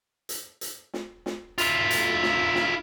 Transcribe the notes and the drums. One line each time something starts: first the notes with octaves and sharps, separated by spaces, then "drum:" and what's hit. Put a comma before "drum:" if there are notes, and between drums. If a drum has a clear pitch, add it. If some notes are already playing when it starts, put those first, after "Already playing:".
drum: hi-hat
drum: hi-hat
drum: snare
drum: snare
E4 F4, drum: hi-hat
drum: hi-hat
drum: snare
drum: snare